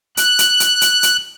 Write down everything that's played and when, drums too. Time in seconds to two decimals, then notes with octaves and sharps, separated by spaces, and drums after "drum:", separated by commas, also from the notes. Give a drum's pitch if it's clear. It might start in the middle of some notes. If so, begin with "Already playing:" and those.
0.17 F#6, drum: hi-hat
0.39 drum: hi-hat
0.60 drum: hi-hat
0.81 drum: hi-hat
1.03 drum: hi-hat